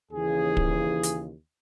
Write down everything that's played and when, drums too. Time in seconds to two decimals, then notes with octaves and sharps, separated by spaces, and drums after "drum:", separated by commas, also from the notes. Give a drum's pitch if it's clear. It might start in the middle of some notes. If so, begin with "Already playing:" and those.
0.12 D#2 C#3 E3 G#4
0.57 drum: kick
1.03 drum: hi-hat